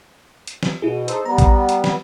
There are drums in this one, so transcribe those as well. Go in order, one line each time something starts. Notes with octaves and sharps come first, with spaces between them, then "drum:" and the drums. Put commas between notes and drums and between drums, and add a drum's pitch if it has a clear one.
drum: hi-hat
drum: snare
B2 E4 G#4
D#4 A4 C5, drum: hi-hat
G3 B3 A#5
drum: kick A#1, hi-hat
drum: hi-hat
drum: snare